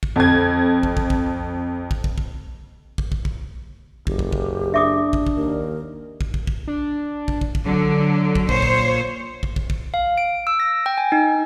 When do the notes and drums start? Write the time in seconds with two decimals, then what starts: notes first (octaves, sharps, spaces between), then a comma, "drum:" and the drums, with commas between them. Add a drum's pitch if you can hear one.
0.03 drum: kick
0.16 F2 G#6
0.83 drum: kick
0.97 drum: kick
1.10 drum: kick
1.91 drum: kick
2.04 drum: kick
2.18 drum: kick
2.98 drum: kick
3.12 drum: kick
3.25 drum: kick
4.07 F#1 G4, drum: kick
4.19 drum: kick
4.33 drum: kick
4.74 D4 E5 D6 D#6
5.13 drum: kick
5.27 drum: kick
5.36 D#2 A#4
6.21 drum: kick
6.34 drum: kick
6.47 drum: kick
6.68 D4
7.28 drum: kick
7.41 drum: kick
7.55 drum: kick
7.66 D3 F#3
8.35 drum: kick
8.49 A#2 C5 C#5, drum: kick
8.62 drum: kick
9.43 drum: kick
9.56 drum: kick
9.70 drum: kick
9.94 F5
10.18 D7
10.47 E6
10.60 A#6
10.86 G5
10.98 G#5
11.12 D#4